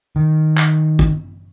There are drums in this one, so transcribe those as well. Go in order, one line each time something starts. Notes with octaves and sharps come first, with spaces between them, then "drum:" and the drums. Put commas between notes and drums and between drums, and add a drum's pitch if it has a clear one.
D#3
drum: clap
drum: kick